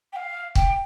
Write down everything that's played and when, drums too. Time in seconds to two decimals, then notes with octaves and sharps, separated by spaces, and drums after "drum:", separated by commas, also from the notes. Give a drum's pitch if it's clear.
0.13 G5
0.16 F5
0.55 G5, drum: kick